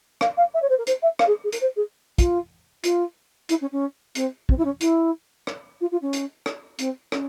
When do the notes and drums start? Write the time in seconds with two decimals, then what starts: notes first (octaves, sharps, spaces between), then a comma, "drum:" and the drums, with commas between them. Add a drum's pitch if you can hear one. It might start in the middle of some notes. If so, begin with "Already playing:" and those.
0.21 F5, drum: rim click
0.37 F5
0.54 E5
0.62 C#5
0.69 C5
0.78 A#4
0.87 C5, drum: hi-hat
1.02 E5
1.19 F5, drum: rim click
1.27 G#4
1.44 G#4
1.52 A#4, drum: hi-hat
1.61 C5
1.76 G#4
2.18 F4, drum: kick, hi-hat
2.84 F4, drum: hi-hat
3.49 E4, drum: hi-hat
3.61 C#4
3.72 C#4
4.15 C4, drum: hi-hat
4.49 C4, drum: kick
4.58 E4
4.65 C#4
4.81 E4, drum: hi-hat
5.47 drum: rim click
5.81 F4
5.91 F4
6.02 C#4
6.13 drum: hi-hat
6.46 drum: rim click
6.79 C4, drum: hi-hat
7.12 C#4, drum: rim click